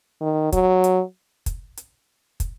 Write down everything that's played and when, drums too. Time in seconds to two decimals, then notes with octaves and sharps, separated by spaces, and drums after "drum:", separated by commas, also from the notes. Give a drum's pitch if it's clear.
0.21 D#3
0.52 F#3, drum: kick, hi-hat
0.84 drum: hi-hat
1.46 drum: kick, hi-hat
1.77 drum: hi-hat
2.40 drum: kick, hi-hat